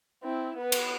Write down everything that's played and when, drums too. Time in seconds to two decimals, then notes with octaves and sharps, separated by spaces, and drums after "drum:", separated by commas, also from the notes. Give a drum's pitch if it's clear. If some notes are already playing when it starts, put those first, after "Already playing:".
0.23 C4 E4
0.57 B3 B4
0.72 drum: cymbal